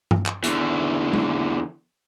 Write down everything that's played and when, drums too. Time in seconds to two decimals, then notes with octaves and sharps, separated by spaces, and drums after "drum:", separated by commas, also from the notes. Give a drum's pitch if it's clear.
0.11 drum: tom G2
0.26 drum: clap
0.44 E2 D3, drum: hi-hat
1.13 drum: tom G#3